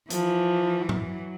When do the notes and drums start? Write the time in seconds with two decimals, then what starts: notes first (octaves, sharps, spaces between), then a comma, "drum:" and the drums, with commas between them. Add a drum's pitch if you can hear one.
0.10 E3 F3, drum: hi-hat
0.89 F#3, drum: tom